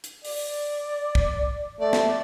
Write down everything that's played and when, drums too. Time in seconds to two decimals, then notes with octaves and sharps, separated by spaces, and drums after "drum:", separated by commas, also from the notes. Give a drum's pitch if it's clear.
0.04 drum: hi-hat
0.25 D5, drum: open hi-hat
1.15 drum: kick
1.80 A3 D5
1.93 drum: snare